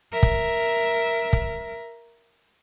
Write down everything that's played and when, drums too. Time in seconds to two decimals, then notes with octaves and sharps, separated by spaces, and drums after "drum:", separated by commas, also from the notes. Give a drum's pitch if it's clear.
0.13 A#4 E5
0.23 drum: kick
1.33 drum: kick